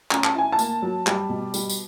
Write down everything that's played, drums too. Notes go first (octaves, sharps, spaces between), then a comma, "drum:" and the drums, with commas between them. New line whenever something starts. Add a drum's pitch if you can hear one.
C#4 A#5, drum: clap
A5, drum: clap
E4 G#5
A5
A#3, drum: tambourine
F#3
G3, drum: clap
B2
G3, drum: tambourine
drum: tambourine